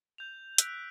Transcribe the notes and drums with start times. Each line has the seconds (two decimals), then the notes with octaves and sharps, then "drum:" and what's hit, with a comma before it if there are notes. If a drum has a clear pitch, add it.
0.18 G6 F7
0.58 E6 F#6 B6 D7, drum: hi-hat